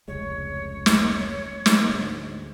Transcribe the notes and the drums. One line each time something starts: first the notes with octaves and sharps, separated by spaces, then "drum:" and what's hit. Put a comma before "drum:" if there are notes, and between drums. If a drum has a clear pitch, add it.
F1 C#2 G#3 C#5
drum: snare
drum: snare
D2 G#2